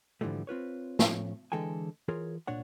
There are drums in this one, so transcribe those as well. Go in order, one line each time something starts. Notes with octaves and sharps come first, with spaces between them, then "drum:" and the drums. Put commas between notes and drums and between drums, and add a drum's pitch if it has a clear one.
G#2 D3 E3 F3 G3 A3
C4 F4 B4 C#5
A2 F3 A3 C#4, drum: snare
D3 E3 G#3 A4 G5 G#5
E3 F4 G#4 A#4 C#5
C2 A#2 D4 C#5 F#5